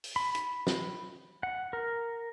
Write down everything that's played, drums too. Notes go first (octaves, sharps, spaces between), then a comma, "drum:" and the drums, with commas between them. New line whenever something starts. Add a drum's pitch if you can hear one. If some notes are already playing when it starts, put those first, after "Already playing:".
drum: open hi-hat
B5
drum: hi-hat
drum: snare
F#5
A#4